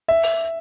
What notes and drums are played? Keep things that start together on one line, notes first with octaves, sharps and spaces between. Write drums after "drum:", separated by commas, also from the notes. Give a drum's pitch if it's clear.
E5
drum: open hi-hat